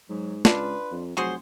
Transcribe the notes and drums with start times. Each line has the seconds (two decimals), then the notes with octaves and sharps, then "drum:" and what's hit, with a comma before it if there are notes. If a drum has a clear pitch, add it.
0.10 G#2 F#3
0.45 C#2 D4 F4 B4, drum: snare
0.91 F2
1.17 F1 F#3 F#4 G#4 C5